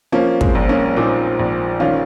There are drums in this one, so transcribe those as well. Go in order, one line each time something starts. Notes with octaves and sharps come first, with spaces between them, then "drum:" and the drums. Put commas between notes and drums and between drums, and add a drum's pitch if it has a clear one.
F3 A#3 C#4
G#3 C4, drum: kick
A#1
A#3 C#4
A#2 C4 D#4
A#1
D#3 C#4 F4